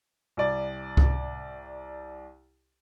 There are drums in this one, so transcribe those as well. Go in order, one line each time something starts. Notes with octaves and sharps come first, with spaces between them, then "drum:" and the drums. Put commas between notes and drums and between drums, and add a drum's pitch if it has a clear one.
C2 D5
drum: kick C2